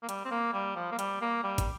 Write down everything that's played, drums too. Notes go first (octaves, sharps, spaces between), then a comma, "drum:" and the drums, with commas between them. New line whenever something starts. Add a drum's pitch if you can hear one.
A#3
G3, drum: hi-hat
C4
A#3
G3
F3
A#3
G3, drum: hi-hat
A#3
G3
drum: kick, hi-hat